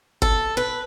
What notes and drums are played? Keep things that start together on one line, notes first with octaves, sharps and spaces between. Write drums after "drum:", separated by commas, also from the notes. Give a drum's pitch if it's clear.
A4, drum: kick
B4